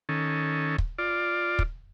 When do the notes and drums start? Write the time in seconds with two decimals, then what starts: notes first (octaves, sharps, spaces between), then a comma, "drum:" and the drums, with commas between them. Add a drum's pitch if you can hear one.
0.09 D#3 C#4 A4
0.78 drum: kick
0.98 F4 D5
1.59 drum: kick